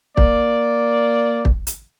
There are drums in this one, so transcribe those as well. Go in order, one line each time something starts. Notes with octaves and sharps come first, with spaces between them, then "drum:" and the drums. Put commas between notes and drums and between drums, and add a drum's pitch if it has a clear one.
A#3 D5, drum: kick
drum: kick
drum: hi-hat